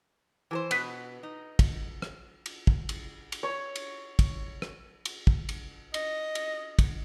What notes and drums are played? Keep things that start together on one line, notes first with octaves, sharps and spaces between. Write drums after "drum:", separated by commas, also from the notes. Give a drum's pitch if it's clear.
E3 A4 C5
B2 B4, drum: cymbal
D#4
drum: kick, cymbal
drum: rim click
drum: cymbal
drum: kick
drum: cymbal
drum: cymbal
C#5
drum: cymbal
drum: kick, cymbal
drum: rim click
drum: cymbal
drum: kick
drum: cymbal
D#5, drum: cymbal
drum: cymbal
drum: kick, cymbal